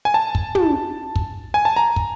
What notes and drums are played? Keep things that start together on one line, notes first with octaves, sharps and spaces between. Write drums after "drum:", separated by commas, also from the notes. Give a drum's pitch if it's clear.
G#5
A5
drum: kick
drum: tom
drum: kick
G#5
A5
A#5
drum: kick